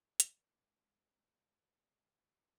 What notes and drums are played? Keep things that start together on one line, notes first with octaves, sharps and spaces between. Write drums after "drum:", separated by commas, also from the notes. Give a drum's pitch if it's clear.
G#3 D5, drum: hi-hat